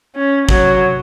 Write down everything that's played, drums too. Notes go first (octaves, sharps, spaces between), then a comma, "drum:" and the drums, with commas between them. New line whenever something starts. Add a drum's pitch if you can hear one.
C#4
F#3, drum: kick